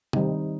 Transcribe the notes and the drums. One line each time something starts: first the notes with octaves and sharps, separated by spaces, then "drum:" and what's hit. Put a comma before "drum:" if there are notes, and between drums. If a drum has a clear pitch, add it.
D#3 G3 C4 D#4, drum: tom C3